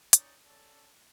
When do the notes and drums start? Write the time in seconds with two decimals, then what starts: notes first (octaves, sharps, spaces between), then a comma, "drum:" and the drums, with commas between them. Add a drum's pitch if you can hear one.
0.13 C#4 D#4 D5, drum: hi-hat
0.46 C#4 A4 D5